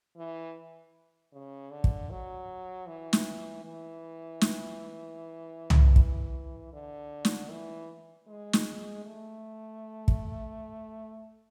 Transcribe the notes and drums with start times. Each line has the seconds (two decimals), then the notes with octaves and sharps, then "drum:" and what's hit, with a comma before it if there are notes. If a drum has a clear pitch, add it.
0.16 E3
1.32 C#3
1.71 D3
1.84 drum: kick
2.10 F#3
2.87 E3
3.13 drum: snare
3.64 E3
4.41 drum: snare
5.70 drum: tom
5.96 drum: kick
6.73 D3
7.25 drum: snare
7.50 E3
8.27 G#3
8.53 drum: snare
9.05 A3
10.08 drum: kick